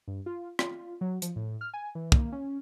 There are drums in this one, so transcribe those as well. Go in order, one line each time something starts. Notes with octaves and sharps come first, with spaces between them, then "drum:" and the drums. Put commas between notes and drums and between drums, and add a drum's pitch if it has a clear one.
G2
F4
F4, drum: rim click
F#3
F3, drum: hi-hat
A2
F6
G#5
E3
A#3, drum: kick
C#4